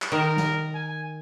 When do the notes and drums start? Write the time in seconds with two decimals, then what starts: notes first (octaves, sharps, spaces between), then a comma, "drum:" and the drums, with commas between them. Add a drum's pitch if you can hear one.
0.02 drum: clap
0.12 D#3 A#4
0.37 drum: snare
0.74 G#5